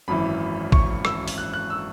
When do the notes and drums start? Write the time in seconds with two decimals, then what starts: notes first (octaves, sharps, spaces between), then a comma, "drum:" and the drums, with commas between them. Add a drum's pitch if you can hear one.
0.08 G#1 F#2 E3 B5
0.72 C#6, drum: kick A1
1.05 E6, drum: rim click
1.28 drum: open hi-hat
1.38 F#6
1.53 F#6
1.70 E6